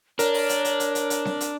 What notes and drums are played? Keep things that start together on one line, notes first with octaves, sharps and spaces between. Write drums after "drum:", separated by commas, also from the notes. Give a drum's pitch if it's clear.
D4 A#4 C#5, drum: hi-hat
drum: open hi-hat
drum: hi-hat
drum: hi-hat
drum: hi-hat
drum: hi-hat
drum: hi-hat
drum: snare C4
drum: hi-hat